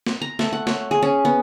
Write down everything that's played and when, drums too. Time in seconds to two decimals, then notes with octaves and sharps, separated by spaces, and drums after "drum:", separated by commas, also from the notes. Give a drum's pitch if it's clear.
0.06 drum: snare
0.22 A#5
0.39 A3, drum: snare
0.53 F#5
0.67 C#5, drum: snare
0.91 G#4
1.02 C#4
1.25 B3